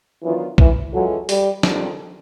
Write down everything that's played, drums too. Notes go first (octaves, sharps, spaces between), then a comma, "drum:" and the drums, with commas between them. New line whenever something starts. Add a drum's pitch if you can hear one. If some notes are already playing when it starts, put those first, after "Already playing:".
D#3 E3 F#3 B3 D4 F4
E3, drum: kick A#1
E3 F#3 G#3 C#4 F4 A4
G3, drum: open hi-hat
D#3 G3 C4 F4 A4, drum: snare